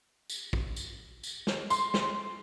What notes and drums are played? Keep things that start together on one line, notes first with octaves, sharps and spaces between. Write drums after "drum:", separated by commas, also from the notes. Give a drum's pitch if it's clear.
drum: tambourine
drum: kick
drum: tambourine
drum: tambourine
drum: snare
C6, drum: tambourine
drum: snare